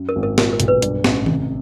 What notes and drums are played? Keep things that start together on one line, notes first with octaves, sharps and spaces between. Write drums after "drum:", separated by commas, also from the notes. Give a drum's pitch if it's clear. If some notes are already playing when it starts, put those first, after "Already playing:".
Already playing: F#2
A#4
G#1
A#4
A#2 A#4, drum: snare
A#4
B1, drum: hi-hat
B4
G2, drum: hi-hat
A1, drum: snare
C3, drum: tom D#3